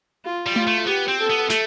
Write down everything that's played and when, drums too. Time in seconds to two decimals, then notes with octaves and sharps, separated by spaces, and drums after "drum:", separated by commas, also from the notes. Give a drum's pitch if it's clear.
0.25 F4
0.46 G3
0.56 F4, drum: tom A3
0.67 A3
0.87 B3 G4
1.08 C4
1.19 A4
1.30 B3
1.50 A3, drum: snare